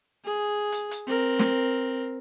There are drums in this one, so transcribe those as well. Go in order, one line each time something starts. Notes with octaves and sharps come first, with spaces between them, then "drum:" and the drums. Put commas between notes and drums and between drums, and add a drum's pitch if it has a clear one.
G#4
drum: hi-hat
drum: hi-hat
C4 A#4
drum: snare